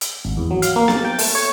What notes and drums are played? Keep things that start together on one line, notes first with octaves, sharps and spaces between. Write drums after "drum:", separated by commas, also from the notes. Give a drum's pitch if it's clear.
drum: hi-hat
G#1
E2
F#3
F5, drum: hi-hat
A#3
A6, drum: snare B3
G5
A3, drum: open hi-hat
C#5